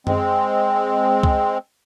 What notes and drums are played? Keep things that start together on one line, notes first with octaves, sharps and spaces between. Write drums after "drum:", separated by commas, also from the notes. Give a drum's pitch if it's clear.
G#3 C4, drum: tom F#2
drum: kick C2